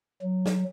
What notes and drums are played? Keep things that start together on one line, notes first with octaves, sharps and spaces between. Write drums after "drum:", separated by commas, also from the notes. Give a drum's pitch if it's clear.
F#3
drum: snare